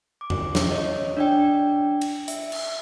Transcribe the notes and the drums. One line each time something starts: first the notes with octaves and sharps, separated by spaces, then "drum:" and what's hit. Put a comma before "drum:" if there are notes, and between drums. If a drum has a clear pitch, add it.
D6
drum: tom E2
drum: snare
C#5 D#5
D4 D5 G5
drum: cymbal
E5, drum: hi-hat
drum: cymbal